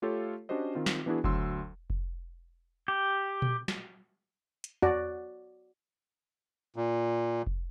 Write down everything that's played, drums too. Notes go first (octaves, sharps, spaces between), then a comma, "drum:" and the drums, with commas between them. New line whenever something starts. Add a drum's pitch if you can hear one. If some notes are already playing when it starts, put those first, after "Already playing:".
A3 F4 G4 A4 C#5 F5
C#4 D4 F#4 G4 C5 D#5
D#3 C4 F4
drum: snare
E3 B3 D4 E4 F#4 G#4
D2 F#3 C6 E6, drum: kick F1
drum: kick F1
G4
drum: tom A#2
drum: snare
drum: hi-hat
F#4 D5, drum: tom E2
A#2
drum: kick F1